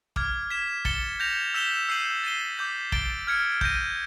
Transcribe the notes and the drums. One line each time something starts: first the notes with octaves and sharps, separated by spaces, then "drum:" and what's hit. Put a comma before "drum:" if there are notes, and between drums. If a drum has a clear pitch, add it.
D6 F6 G#6, drum: kick
G#6 B6 E7
A6 C#7 E7 G7, drum: kick
G6 A#6 C#7 F7
E6 G6 B6 E7 G7
E6 G6 C7 D#7 F#7
A6 C7 D#7 G7
D6 G6 B6
A6 D7 G7, drum: kick
F6 G#6 C#7
G6 A#6 D#7, drum: kick